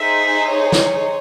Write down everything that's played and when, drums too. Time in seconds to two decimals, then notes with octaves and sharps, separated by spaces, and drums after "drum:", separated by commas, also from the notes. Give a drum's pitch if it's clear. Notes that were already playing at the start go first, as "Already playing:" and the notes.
Already playing: D#4 G#4 C5 E5
0.48 C#5
0.72 drum: snare